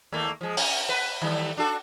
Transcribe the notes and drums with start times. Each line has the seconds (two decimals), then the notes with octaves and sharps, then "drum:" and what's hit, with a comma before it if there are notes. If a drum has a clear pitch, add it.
0.12 D#2 A3 A#3
0.41 F3 G#3
0.57 C#4, drum: open hi-hat
0.89 B4
1.22 D#3 G3 A3
1.57 D4 F#4 A4